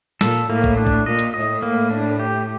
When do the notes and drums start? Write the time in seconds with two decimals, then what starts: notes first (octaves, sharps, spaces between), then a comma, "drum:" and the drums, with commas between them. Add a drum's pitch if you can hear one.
0.21 A#2 A4, drum: snare
0.50 A2 A#3
0.64 drum: kick
0.77 D4
0.87 drum: kick
1.06 A#2 D#5
1.19 drum: hi-hat
1.34 A2 D#5
1.63 A#3
1.91 D4
2.19 G4